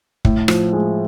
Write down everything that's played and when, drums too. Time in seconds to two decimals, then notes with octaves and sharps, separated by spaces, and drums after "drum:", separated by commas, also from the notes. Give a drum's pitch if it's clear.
0.25 A2, drum: kick
0.48 F3, drum: rim click
0.73 G#3